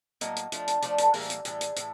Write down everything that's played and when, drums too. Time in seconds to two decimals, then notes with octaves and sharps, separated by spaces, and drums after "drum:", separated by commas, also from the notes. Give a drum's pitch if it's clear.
0.21 A2 F#3 A#3 D#5, drum: hi-hat
0.36 drum: hi-hat
0.52 F3 A3 D4, drum: hi-hat
0.68 drum: hi-hat
0.82 F3 A3 D4 C5 D5, drum: hi-hat
0.98 A4 B4, drum: hi-hat
1.14 A2 E3 G3 A#3 G#4 A#4, drum: open hi-hat
1.30 drum: hi-hat
1.45 A2 E3 G3 G#4, drum: hi-hat
1.61 drum: hi-hat
1.76 A2 E3, drum: hi-hat